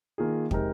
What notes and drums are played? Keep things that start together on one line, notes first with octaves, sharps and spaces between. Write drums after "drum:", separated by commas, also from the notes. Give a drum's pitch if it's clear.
D#3 A#3 F4 G#4
C3 G#3 D#4 A#4, drum: kick